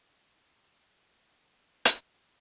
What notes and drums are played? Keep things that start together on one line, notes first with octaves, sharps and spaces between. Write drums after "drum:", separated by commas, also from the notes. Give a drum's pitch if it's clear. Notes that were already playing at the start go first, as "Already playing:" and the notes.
D#4 G5
drum: hi-hat